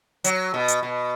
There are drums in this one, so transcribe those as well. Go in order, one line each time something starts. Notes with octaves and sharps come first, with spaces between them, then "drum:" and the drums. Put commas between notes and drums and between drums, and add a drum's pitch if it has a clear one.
F#3, drum: hi-hat
B2
drum: hi-hat
B2